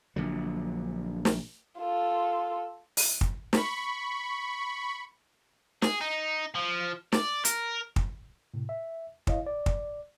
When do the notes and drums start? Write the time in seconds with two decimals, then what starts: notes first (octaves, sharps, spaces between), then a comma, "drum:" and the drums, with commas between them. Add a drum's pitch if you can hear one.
0.16 A#1 D3 F#3
1.25 drum: snare
1.79 F4 A4
2.97 drum: open hi-hat
3.21 drum: kick
3.53 B5 C#6, drum: snare
5.82 G#4, drum: snare
6.01 D#4
6.55 F3
7.12 D5, drum: snare
7.45 A#4, drum: hi-hat
7.96 drum: kick
8.54 A2 C3
8.69 E5
9.27 E4 C#5 D#5 F5, drum: kick
9.47 D5
9.66 drum: kick